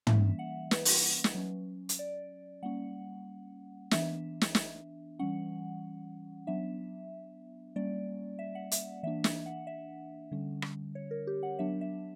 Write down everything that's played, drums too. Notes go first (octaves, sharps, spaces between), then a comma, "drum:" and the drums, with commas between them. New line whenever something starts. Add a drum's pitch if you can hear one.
E3 G3 A#3 C#4 E5, drum: tom
F#5
B4, drum: snare
drum: open hi-hat
drum: snare
F#3 C#4
drum: hi-hat
D5
G3 A#3 C#4 F#5
E3 B3 D4 E5, drum: snare
drum: snare
drum: snare
E3 G3 C#4 F#5
F#3 B3 D4 E5
G3 A#3 C#4 D5
E5
F#5
E5, drum: hi-hat
E3 A#3 D4 E5
E5, drum: snare
F#5
E5
D3 G3 C#4
drum: rim click
C#5
A#4
G4
F#5
F#3 B3 D4 E5
E5